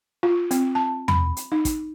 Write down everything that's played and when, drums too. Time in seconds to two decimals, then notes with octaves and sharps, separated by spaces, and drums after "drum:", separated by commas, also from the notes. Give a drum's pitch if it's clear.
0.23 F4
0.51 C4, drum: hi-hat
0.75 A5
1.08 B5, drum: tom
1.37 drum: hi-hat
1.52 D#4
1.65 drum: kick, hi-hat